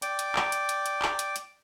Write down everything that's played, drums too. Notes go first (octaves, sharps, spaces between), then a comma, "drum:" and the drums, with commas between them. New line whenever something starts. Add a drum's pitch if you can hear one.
D5 G5 D6, drum: hi-hat
drum: hi-hat
drum: clap
drum: hi-hat
drum: hi-hat
drum: hi-hat
drum: clap
drum: hi-hat
drum: hi-hat